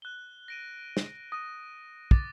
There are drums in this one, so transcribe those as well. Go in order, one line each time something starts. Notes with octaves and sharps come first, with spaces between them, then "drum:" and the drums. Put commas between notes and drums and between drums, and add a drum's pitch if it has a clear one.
F#6 G7
A#6 D7 D#7
drum: snare
D#6 A#6 D#7
D6 A6, drum: kick